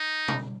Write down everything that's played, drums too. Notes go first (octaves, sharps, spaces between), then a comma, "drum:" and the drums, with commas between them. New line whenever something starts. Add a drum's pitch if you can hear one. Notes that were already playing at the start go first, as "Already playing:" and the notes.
Already playing: D#4
drum: tom B2